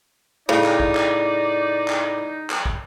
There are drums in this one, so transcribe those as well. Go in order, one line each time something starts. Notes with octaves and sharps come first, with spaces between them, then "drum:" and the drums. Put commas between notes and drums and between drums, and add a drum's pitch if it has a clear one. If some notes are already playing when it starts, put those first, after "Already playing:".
A2 C#3 D#4 D5
drum: clap
drum: kick
drum: clap
drum: clap
drum: clap
drum: kick